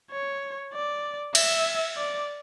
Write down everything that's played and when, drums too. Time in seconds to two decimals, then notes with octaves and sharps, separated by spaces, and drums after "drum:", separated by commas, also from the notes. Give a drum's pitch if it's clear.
0.11 C#5
0.73 D5
1.35 E5, drum: cymbal
1.97 D5